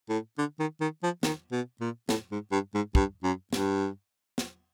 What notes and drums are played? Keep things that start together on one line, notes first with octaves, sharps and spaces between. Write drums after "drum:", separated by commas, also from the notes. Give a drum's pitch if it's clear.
A2
D3
D#3
D#3
F3
D#3, drum: snare
B2
A#2
A2, drum: snare
G#2
G2
G#2
G2, drum: kick
F#2
G2, drum: snare
drum: snare